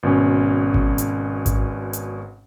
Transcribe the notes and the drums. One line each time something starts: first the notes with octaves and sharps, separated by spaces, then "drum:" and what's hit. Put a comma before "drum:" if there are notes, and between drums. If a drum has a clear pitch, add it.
G#1 B2 C#4
drum: kick G#1
drum: hi-hat
drum: kick G#1, hi-hat
drum: hi-hat